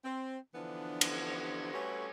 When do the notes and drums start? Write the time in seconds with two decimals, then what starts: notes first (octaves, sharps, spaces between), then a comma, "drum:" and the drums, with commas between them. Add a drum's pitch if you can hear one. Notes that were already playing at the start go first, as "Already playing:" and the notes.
0.05 C4
0.55 D3 E3 F3 B3 D4
1.01 drum: cymbal
1.73 G3 A3 C#4 F#4 A4 B4